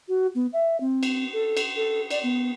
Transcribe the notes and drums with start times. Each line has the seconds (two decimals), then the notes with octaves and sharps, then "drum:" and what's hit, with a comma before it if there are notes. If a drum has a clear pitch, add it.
0.08 F#4
0.35 B3
0.53 E5
0.80 C4
1.03 drum: cymbal
1.33 A4
1.57 drum: cymbal
1.76 A4
2.11 D5, drum: cymbal
2.23 B3